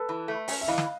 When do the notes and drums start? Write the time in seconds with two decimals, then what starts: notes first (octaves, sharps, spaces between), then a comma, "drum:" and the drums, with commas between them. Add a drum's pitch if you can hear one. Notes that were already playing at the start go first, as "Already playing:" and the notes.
Already playing: A4 B4
0.09 E3
0.28 A3
0.48 C#4, drum: open hi-hat
0.61 E5
0.68 E3 D#5 F5
0.78 drum: snare